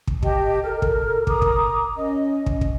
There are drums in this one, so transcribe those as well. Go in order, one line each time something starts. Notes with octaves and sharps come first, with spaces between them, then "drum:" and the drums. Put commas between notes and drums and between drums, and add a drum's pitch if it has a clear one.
drum: kick
G4 D#5 A5, drum: kick
A4 A#4 F6
drum: kick
A#4 A#5 D6 D#6, drum: kick
drum: kick
C#4 D#5
drum: kick
drum: kick